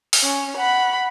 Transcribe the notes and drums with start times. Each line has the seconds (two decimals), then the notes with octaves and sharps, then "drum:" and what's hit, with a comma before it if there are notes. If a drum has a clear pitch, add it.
0.13 drum: open hi-hat
0.23 C#4
0.57 F#5 B5